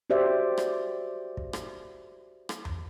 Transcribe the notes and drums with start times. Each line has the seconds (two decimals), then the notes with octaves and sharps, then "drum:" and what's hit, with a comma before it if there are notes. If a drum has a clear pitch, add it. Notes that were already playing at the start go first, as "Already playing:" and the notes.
0.10 F#4 G4 C5 D5 E5
0.58 drum: rim click
1.37 drum: kick
1.53 drum: rim click
2.49 drum: rim click
2.65 drum: tom E2